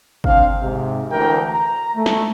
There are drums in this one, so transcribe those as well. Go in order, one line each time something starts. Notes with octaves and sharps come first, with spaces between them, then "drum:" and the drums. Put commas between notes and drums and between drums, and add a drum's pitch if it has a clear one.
C4 D4 F5, drum: kick G1
G#2 C3
D2 E3 D4 A#4 G5
A#5
A3
drum: snare